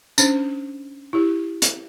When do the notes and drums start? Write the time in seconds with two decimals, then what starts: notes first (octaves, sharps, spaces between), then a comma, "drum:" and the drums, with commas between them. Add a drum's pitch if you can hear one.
0.18 C#4 D4 C5, drum: tambourine
1.13 E4 G4
1.62 drum: hi-hat